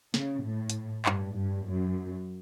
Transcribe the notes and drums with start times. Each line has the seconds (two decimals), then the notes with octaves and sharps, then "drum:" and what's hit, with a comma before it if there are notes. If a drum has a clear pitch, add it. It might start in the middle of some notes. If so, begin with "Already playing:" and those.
0.14 C#3, drum: snare
0.44 A2
0.70 drum: hi-hat
1.06 G2, drum: clap
1.35 G2
1.65 F#2